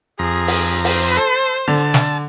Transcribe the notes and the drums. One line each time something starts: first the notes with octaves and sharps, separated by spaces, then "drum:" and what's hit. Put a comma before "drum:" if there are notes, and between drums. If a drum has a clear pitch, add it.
F2 G#4 A#5
drum: open hi-hat
C5, drum: open hi-hat
A4
D3 A5
drum: snare